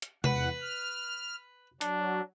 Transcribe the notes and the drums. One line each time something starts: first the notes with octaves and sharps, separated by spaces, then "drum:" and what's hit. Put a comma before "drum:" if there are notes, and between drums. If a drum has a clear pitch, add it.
drum: hi-hat
E2 B4 F#5, drum: tom C3
F6
F#3 D4, drum: hi-hat